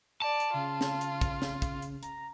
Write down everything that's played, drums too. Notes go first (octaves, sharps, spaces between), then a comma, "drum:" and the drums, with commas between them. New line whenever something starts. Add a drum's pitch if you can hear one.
D5 A5
drum: hi-hat
C#3 F4
drum: snare
drum: hi-hat
drum: kick, hi-hat
drum: snare
drum: kick, hi-hat
drum: hi-hat
A#5, drum: hi-hat